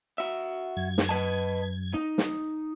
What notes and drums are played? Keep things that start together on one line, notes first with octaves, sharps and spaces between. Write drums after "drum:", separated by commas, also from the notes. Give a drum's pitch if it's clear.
F#4 E5
F#2 G#6
drum: snare
B4 D#5 A5
D#4
drum: snare